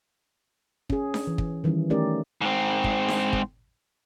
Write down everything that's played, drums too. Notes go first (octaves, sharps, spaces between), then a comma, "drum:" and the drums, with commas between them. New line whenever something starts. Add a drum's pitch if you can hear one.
C#4 G#4, drum: kick
drum: snare D4
E3
drum: kick
D#3 E3 G3 C#4 E4
A3 C#4 D#4 G4 A#4 D5
G#2 C4
drum: kick
drum: snare D4
drum: kick